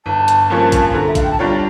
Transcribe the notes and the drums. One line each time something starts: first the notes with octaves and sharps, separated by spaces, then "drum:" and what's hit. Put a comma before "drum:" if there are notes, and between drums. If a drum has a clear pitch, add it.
G1 A5
drum: hi-hat
G2 F3 A#3 C#4
drum: kick A1, hi-hat
D3 A#5
E5
F5, drum: kick A1, hi-hat
G5
A5
G3 D4 F4 C#5 A#5